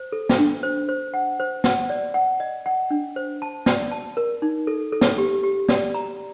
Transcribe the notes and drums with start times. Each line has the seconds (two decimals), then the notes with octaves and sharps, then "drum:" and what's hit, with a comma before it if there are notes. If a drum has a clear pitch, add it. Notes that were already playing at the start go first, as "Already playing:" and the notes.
Already playing: C5
0.12 A4
0.29 drum: snare
0.38 D4
0.63 C5
0.89 C5
1.14 F#5
1.40 C5
1.64 F#5, drum: snare
1.90 D5
2.14 F#5
2.40 D#5
2.66 F#5
2.91 D4
3.16 C5
3.42 A5
3.66 D5, drum: snare
3.91 A5
4.17 A#4
4.42 D#4
4.67 A4
4.92 A4
5.01 drum: snare
5.18 G4
5.43 G4
5.69 D5, drum: snare
5.94 A#5